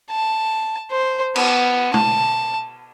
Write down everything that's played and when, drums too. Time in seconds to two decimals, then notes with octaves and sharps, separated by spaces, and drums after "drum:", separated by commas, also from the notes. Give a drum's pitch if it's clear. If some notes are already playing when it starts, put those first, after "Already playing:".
0.11 A5
0.91 C5
1.36 B3, drum: cymbal
1.94 A5, drum: tom C3